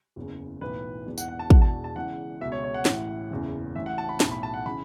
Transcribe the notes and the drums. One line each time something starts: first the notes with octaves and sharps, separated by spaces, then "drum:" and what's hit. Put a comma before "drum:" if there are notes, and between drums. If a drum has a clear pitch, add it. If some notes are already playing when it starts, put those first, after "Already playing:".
F#1 E2 C#3
B1 A2 E3 B4
E1 E2 E3
F#5, drum: tambourine
F#5
A5
E1 E2 B2 F#5, drum: kick
A5
A5
E1 E2 C#3 E3 F#5
C#2 B2 E5
C#5
C#5
F#5
A1 A2 E3, drum: snare
F#1 E2 C#3 E3
A1 A2 E3 E5
F#5
A5
B5
B1 A2 E3 A5, drum: snare
B5
A5
F#5
C#3 E3 B5